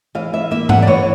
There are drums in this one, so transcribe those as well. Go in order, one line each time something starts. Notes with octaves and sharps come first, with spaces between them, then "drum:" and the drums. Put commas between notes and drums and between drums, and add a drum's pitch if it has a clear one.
E3 F5
E3 E5
A#3 E5
E3 F#5, drum: tom G#2
D5
E3 C#5